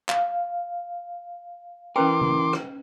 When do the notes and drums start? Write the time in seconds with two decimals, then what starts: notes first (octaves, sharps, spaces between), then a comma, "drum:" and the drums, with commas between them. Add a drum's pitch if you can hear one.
0.09 F5, drum: clap
1.96 E3 C#4 A#4 B4 G5 C6 D6
2.21 drum: tom C#3
2.53 drum: rim click